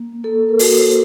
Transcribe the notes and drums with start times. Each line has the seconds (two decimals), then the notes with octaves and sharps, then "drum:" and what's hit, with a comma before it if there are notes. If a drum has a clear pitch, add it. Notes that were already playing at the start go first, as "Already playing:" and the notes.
Already playing: A#3
0.24 A#3 A4
0.49 A#4
0.59 F#4 A4, drum: open hi-hat
0.78 C5